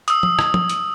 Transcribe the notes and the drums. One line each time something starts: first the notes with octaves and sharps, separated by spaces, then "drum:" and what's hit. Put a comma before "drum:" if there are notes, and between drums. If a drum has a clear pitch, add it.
D#6 E6, drum: hi-hat
drum: tom
drum: rim click
drum: tom
drum: hi-hat